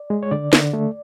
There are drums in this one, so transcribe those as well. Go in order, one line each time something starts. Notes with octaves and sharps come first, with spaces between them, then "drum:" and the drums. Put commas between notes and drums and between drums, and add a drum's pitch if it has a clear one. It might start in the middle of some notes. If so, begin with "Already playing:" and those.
Already playing: D5
G#3
C#5
D3 D5
D3, drum: snare
A3